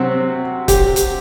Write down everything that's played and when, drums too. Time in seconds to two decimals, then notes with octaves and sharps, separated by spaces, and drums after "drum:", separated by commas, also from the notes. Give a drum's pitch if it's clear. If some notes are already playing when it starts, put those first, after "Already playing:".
Already playing: C3 F#3 C4 F#4
0.68 G4, drum: kick, hi-hat
0.96 drum: hi-hat